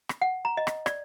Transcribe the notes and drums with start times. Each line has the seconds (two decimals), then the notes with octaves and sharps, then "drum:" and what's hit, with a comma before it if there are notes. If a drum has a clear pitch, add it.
0.09 drum: rim click
0.22 F#5
0.45 A#5
0.57 D#5
0.67 drum: rim click
0.86 D5, drum: rim click